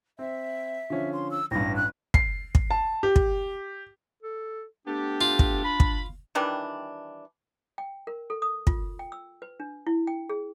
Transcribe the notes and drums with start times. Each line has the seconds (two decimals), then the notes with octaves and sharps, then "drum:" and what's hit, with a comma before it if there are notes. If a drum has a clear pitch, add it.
0.19 C4 E5
0.90 D3 F3 C#4
1.12 C6
1.31 E6
1.51 A1 G2 A#6
1.76 F#6
2.14 C7, drum: kick
2.55 drum: kick
2.71 A5
3.03 G4
3.16 drum: kick
4.23 A4
4.87 A3 B3 D4 G4
5.21 F4
5.39 drum: kick
5.64 B5
5.80 drum: kick
6.35 D#3 E3 G3 D4
7.78 G5
8.07 A#4
8.30 A4
8.42 D#6
8.67 F4, drum: kick
8.99 G5
9.12 E6
9.42 B4
9.60 D4
9.87 E4
10.07 G5
10.29 G#4